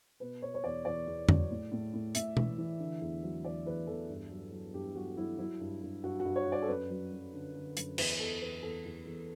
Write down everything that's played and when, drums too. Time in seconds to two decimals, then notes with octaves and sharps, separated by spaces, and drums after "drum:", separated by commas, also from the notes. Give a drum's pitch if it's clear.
0.20 B2 B4
0.42 B2 C#5
0.54 C#5
0.64 E2 D5
0.85 E2 D5
1.07 E2
1.29 F#3, drum: tom F2
1.50 A2
1.72 A2
1.93 A2
2.15 A2 E5, drum: hi-hat
2.37 E3, drum: tom B2
2.58 E3
2.79 D3
3.01 E2
3.23 F#3
3.45 E2 D5
3.66 E2 B4
3.87 E2 A4
4.09 G2
4.31 F#3
4.52 F#3
4.74 G2 G4
4.95 F#3 F#4
5.17 F#3 E4
5.39 F#3 E4
5.60 G2
5.83 G2
6.03 G2 F#4
6.20 F#4
6.25 G2
6.36 C#5
6.47 G2
6.52 D5
6.62 A4
6.68 F#2 B4
6.90 F#3
7.12 F#3
7.33 D3
7.55 D3
7.77 F#2, drum: hi-hat
7.98 E2 B4, drum: cymbal
8.19 E2 A4
8.41 E2 B4
8.63 E2 A4
8.85 E2
9.06 E2